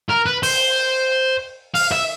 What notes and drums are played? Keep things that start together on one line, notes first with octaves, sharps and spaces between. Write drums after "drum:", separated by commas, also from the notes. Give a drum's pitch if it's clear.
A#4
B4
C5, drum: open hi-hat
F5, drum: open hi-hat
E5